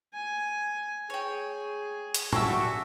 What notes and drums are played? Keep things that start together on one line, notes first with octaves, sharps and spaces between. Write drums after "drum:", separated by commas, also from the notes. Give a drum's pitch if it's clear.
G#5
G#4 C#5 G5
drum: hi-hat
G3 A#3 F#4 G4 E5 G#5 A5 C#6, drum: tom A2